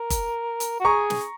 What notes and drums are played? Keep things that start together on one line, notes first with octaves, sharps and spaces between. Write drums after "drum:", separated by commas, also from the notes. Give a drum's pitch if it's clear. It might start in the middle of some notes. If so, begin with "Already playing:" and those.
Already playing: A#4
drum: kick, hi-hat
drum: hi-hat
F#4
G#4 A#5 C#6
drum: snare